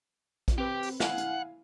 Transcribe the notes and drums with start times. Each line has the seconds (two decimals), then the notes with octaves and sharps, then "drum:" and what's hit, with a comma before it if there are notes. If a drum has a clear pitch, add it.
0.48 drum: kick A#1, hi-hat
0.58 C4 G4 B4
0.83 drum: open hi-hat
1.00 E4 F5 F#5 G#5, drum: snare
1.18 drum: hi-hat